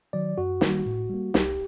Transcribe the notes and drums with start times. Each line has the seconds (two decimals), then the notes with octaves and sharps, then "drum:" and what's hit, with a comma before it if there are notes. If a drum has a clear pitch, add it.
0.13 D#3 F#3 D5
0.38 F#2 F#4
0.61 D#3 G3 A#3, drum: snare
0.86 A2
1.10 G3 A#3
1.34 C2 G4, drum: snare